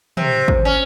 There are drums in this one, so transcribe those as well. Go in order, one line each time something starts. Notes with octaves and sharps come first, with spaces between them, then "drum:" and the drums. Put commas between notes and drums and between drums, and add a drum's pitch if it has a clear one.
C3, drum: tom
drum: kick
C#4